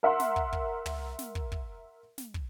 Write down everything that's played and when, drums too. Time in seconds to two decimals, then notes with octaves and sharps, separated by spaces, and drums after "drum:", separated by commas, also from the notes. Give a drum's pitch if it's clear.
0.03 A#4 E5 F#5 C6
0.20 drum: snare
0.36 drum: kick
0.53 drum: kick
0.86 drum: tom
1.19 drum: snare
1.35 drum: kick
1.52 drum: kick
2.18 drum: snare
2.34 drum: kick